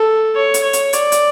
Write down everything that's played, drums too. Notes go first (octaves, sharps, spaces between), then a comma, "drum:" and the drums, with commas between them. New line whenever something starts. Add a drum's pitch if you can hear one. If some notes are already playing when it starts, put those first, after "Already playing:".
Already playing: A4
C#5
drum: hi-hat
C#5
drum: hi-hat
D5, drum: hi-hat
drum: hi-hat